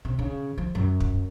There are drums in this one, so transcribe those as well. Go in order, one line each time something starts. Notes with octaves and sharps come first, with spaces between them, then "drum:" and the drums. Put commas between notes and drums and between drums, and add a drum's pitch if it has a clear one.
C3
C#3
F3
F#2
drum: kick